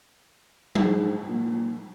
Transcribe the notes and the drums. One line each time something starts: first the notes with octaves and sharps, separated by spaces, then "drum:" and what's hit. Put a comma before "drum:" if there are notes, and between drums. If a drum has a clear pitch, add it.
G#2, drum: tom F#3
A#2